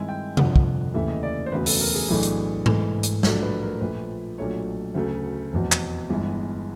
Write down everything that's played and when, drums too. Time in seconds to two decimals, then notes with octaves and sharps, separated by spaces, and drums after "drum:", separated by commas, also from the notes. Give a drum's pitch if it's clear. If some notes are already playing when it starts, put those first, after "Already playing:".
Already playing: G2 D#3 G#3 C4 E4 G#5
0.09 G5
0.37 G1 F2 D3 F#5, drum: tom C3
0.56 drum: kick
0.94 D#2 C#3 E3 A3 E5
1.08 D#5
1.23 D5
1.46 C5
1.52 E1 D2 C#3 B4
1.66 A4, drum: open hi-hat
1.81 A#4
1.95 G#4
2.09 B1 A2 E3 A3 D4
2.23 drum: hi-hat
2.66 G#2 E3 A3, drum: tom G#2
3.03 drum: hi-hat
3.23 A#1 A2 F#3 A3 D4 A4, drum: snare
3.43 B4
3.62 A#4
3.81 A#1 A#2 F3 A3 B4
4.38 B1 A#2 F#3 A3 D4 C#5
4.94 D2 C#3 F#3 A3
5.53 F1 E2 B2
5.72 drum: clap
6.09 G1 G2 E3 G#3 B3